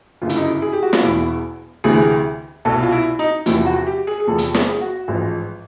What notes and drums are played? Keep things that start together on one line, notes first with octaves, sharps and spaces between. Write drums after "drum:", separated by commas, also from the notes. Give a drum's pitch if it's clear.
G1 F#2 C#3 F4
E4, drum: hi-hat
D#4
E4
G#4
G4
F#4
F4, drum: snare
E1 E2 B2 E4
D2 C3 E3 G#4
C2 B2 A4
F4
E4
D#4
E2 C3 F3 E4, drum: hi-hat
F#4
G4
G#4
G#4
E2 C3 F3 A4
drum: hi-hat
G#4, drum: snare
F#4
A1 G#2 F3